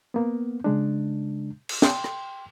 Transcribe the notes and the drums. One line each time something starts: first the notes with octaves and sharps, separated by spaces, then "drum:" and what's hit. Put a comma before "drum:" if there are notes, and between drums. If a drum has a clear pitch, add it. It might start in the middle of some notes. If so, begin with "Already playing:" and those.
A#3 B3
C#3 G#3 D4
drum: cymbal
G5 C6, drum: snare
drum: rim click